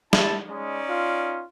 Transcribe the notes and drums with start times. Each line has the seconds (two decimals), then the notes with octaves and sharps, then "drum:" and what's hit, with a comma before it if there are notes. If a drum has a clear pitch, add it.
0.13 E4 A5, drum: snare
0.49 G#3 C#4 D#4 D5
0.89 F4